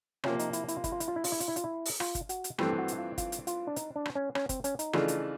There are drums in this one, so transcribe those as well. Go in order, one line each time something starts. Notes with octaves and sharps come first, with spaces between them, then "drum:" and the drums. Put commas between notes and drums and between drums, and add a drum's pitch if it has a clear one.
C3 F3 A#3 C#4, drum: rim click
D#4, drum: hi-hat
E4, drum: hi-hat
E4, drum: hi-hat
F4
E4, drum: kick G1, hi-hat
F4
E4, drum: hi-hat
F4
E4
F4, drum: open hi-hat
E4
F4, drum: hi-hat
E4
F4, drum: hi-hat
E4
drum: open hi-hat
F4, drum: rim click
drum: kick G1, hi-hat
F#4, drum: hi-hat
drum: hi-hat
G2 E3 A3 C4 G4, drum: rim click
F#4
drum: hi-hat
F4
F4, drum: kick G1, hi-hat
drum: hi-hat
F4, drum: hi-hat
D4
D#4, drum: hi-hat
D4
drum: rim click
C#4
C#4, drum: rim click
C4, drum: kick G1, hi-hat
C#4, drum: hi-hat
D#4, drum: hi-hat
C#3 E3 A3 D4 F4, drum: rim click
drum: hi-hat